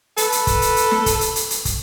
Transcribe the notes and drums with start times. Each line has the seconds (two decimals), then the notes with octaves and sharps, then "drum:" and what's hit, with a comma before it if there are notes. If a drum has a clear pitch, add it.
0.17 A4 B4, drum: hi-hat
0.32 drum: hi-hat
0.47 drum: kick, hi-hat
0.62 drum: hi-hat
0.77 drum: hi-hat
0.91 drum: snare
1.06 drum: kick, hi-hat
1.21 drum: hi-hat
1.36 drum: hi-hat
1.50 drum: hi-hat
1.65 drum: kick, hi-hat